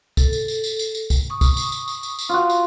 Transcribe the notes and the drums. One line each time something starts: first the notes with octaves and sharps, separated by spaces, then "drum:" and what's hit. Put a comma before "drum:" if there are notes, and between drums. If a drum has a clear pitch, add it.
A4, drum: kick, tambourine
drum: tambourine
drum: tambourine
drum: tambourine
drum: tambourine
drum: tambourine
drum: kick, tambourine
C#6 D#6
drum: kick, tambourine
drum: tambourine
drum: tambourine
drum: tambourine
drum: tambourine
drum: tambourine
F4 F#4
drum: tambourine